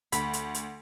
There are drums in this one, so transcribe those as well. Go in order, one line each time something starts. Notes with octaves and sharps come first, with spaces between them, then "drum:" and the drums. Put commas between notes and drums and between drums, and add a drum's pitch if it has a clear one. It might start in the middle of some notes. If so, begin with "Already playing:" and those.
D2 B5, drum: hi-hat
drum: hi-hat
drum: hi-hat